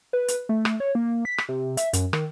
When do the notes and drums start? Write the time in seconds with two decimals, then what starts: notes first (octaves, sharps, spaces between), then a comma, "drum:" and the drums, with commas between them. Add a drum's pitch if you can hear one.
0.13 B4
0.28 drum: hi-hat
0.49 A3
0.65 drum: rim click
0.80 C#5
0.95 A#3
1.25 B6
1.38 drum: rim click
1.49 C3
1.77 E5, drum: hi-hat
1.93 F#2, drum: hi-hat
2.13 D#3, drum: rim click